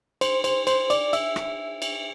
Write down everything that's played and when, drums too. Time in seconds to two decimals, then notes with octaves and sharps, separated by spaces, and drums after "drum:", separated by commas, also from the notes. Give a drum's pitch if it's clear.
0.21 C5, drum: cymbal
0.44 C5, drum: cymbal
0.67 C5, drum: cymbal
0.90 D5, drum: cymbal
1.13 E5, drum: cymbal
1.36 drum: rim click
1.82 drum: cymbal